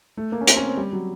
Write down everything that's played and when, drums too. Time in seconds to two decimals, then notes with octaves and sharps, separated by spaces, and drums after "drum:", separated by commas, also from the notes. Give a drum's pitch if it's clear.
0.17 A3
0.32 A#3
0.41 C#4
0.47 C4, drum: hi-hat
0.57 C#4
0.68 C4
0.77 G3
0.93 F#3